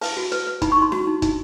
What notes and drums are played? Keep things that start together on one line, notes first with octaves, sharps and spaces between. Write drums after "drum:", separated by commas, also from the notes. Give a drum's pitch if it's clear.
B4 A5, drum: open hi-hat
F#4
B4, drum: hi-hat
B4
D#4 B5, drum: kick, hi-hat
C#6
D#4
C6
F#4, drum: snare C#4
D#4
D#4, drum: kick, hi-hat